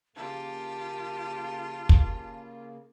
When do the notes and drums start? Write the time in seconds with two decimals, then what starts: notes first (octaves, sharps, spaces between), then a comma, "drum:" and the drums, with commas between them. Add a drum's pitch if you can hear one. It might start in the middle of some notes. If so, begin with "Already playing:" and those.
0.16 C#3 A#3 F4 G4 A5
1.89 drum: kick